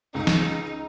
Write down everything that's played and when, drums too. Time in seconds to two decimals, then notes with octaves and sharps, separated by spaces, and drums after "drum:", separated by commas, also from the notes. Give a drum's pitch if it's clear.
0.15 C#2 D#4
0.27 drum: snare